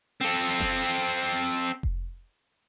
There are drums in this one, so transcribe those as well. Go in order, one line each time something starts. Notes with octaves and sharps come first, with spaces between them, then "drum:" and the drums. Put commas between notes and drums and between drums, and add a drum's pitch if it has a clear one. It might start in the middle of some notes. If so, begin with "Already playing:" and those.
C4 A4, drum: hi-hat
drum: snare F1
drum: kick F1